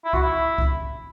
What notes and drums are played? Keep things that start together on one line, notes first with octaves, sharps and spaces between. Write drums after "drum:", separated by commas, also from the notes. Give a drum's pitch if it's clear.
E4
F#4, drum: kick C2
E4
drum: kick C2